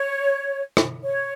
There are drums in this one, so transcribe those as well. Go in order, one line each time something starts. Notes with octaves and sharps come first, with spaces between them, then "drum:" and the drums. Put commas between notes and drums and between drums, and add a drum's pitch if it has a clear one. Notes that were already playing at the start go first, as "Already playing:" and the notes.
Already playing: C#5
drum: rim click
C#5